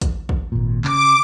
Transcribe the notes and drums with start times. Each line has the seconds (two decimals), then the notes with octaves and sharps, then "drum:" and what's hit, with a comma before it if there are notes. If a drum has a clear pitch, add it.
0.01 drum: kick, hi-hat
0.29 drum: kick
0.52 G#1 A#2
0.84 C#3 D6, drum: clap